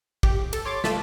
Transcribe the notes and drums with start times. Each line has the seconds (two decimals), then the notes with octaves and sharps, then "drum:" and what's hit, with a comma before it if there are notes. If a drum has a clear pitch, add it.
0.23 G4, drum: kick
0.53 A4, drum: cymbal
0.65 C#5 C6 D6 A6
0.84 A3 F4 A5 B6, drum: snare